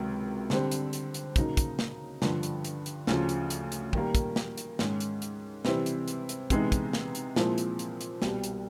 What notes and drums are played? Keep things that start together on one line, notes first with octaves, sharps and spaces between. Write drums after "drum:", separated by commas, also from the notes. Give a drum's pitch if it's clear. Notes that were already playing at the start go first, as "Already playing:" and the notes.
Already playing: C#2 C3 D#3 F#3
D3 G3 C4, drum: snare
drum: hi-hat
drum: hi-hat
drum: hi-hat
C#3 F#3 A#3 D#4, drum: kick, hi-hat
drum: kick, hi-hat
drum: snare
G2 D3 F3, drum: snare
drum: hi-hat
drum: hi-hat
drum: hi-hat
D2 C#3 F3, drum: snare
drum: hi-hat
drum: hi-hat
drum: hi-hat
D#3 G3 A#3, drum: kick
drum: kick, hi-hat
drum: snare
drum: hi-hat
G#2 D#3 G#3 C#4, drum: snare
drum: hi-hat
drum: hi-hat
C3 E3 G3 C4 E4, drum: snare
drum: hi-hat
drum: hi-hat
drum: hi-hat
C3 E3 G#3 B3 D#4, drum: kick, hi-hat
drum: kick, hi-hat
drum: snare
drum: hi-hat
A#2 F3 G#3 C4 E4, drum: snare
drum: hi-hat
drum: hi-hat
drum: hi-hat
C2 B2 G3, drum: snare
drum: hi-hat